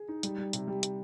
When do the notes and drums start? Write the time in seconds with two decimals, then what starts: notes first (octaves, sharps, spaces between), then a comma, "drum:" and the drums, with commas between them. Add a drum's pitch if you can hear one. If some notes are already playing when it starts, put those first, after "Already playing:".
Already playing: G#4
0.08 D#4
0.23 G3, drum: hi-hat
0.38 G3
0.53 C3, drum: hi-hat
0.67 G3
0.83 drum: hi-hat